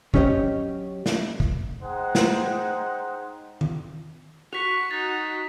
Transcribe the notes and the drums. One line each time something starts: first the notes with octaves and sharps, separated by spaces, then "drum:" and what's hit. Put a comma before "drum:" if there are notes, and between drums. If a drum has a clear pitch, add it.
F#3 C#4 G4 C#5 D#5, drum: kick
drum: snare
drum: kick
G#3 D#4 C5 F#5 G5
drum: snare
drum: tom D#3
F#4 C#6 B6 F7
D#4 A6